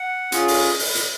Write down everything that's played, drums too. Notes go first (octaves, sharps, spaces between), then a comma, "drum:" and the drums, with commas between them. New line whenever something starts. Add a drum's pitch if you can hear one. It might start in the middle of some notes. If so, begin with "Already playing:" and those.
Already playing: F#5
C#4 F4 G#4, drum: hi-hat
drum: open hi-hat
drum: open hi-hat
drum: hi-hat